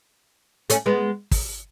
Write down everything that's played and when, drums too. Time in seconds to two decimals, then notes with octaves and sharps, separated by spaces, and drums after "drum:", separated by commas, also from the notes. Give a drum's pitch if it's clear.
0.70 A3 C#4, drum: hi-hat
0.86 G#3 B3
1.31 drum: kick, open hi-hat